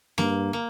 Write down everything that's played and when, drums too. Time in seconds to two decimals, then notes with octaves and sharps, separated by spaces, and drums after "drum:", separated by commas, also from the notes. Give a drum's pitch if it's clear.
0.18 G2 A#3, drum: snare
0.53 A#3